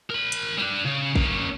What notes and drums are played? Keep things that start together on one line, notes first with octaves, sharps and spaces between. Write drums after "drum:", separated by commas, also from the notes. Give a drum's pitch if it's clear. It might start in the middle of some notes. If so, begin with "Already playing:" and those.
A#4 B5
drum: hi-hat
G3 D4
C#3
A#3 C#4, drum: kick G#1